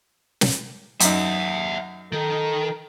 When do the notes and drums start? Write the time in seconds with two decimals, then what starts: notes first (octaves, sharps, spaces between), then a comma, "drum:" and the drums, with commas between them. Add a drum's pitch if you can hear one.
0.41 drum: snare
1.00 F#2 D#4 E5 F#5, drum: hi-hat
2.12 D#3 A4